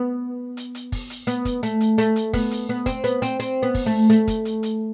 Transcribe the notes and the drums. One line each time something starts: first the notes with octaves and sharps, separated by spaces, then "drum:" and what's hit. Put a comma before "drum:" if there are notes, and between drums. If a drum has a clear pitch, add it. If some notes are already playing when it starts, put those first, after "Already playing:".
Already playing: B3
drum: hi-hat
drum: hi-hat
drum: kick, open hi-hat
drum: hi-hat
B3, drum: hi-hat
drum: kick, hi-hat
A3, drum: hi-hat
drum: hi-hat
A3, drum: hi-hat
drum: hi-hat
B3, drum: kick, open hi-hat
drum: hi-hat
B3
C4, drum: kick, hi-hat
B3, drum: hi-hat
C4, drum: hi-hat
C4, drum: hi-hat
B3
drum: kick, open hi-hat
A3
A3, drum: hi-hat
drum: kick, hi-hat
drum: hi-hat
drum: hi-hat